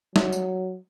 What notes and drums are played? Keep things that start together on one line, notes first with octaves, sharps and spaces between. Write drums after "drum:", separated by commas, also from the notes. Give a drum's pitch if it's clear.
F#3, drum: snare
drum: tambourine